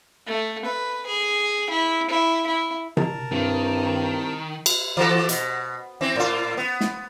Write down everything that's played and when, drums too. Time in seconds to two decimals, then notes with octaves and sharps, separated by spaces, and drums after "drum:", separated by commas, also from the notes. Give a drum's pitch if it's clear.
0.27 A3
0.65 B4
1.06 G#4
1.70 E4
2.09 E4
2.47 E4
2.97 A#4 A5, drum: tom C3
3.32 C2 G2 D#3
4.66 drum: cymbal
4.97 E3 F#4 A4
5.29 B2, drum: hi-hat
6.01 E3 C4
6.16 A2 F4
6.57 B3
6.81 drum: snare